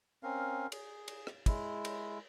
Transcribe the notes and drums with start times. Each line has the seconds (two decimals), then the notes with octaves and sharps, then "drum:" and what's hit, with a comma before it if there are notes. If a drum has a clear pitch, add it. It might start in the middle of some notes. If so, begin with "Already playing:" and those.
0.23 C4 C#4 A#4 F5
0.72 G#4, drum: cymbal
1.08 drum: cymbal
1.27 drum: rim click
1.46 G#3 E4, drum: kick, cymbal
1.85 drum: cymbal